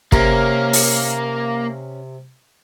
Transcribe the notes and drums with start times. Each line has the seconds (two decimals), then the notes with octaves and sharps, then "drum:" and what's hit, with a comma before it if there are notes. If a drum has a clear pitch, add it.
0.12 C3 A#3 C#4 A#4, drum: kick
0.73 drum: open hi-hat